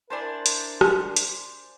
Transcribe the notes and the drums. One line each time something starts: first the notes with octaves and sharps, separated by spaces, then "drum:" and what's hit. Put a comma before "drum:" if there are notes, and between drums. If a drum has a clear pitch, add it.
D4 E4 A#4 C5 D5 G#5 A5
drum: hi-hat
drum: rim click
drum: hi-hat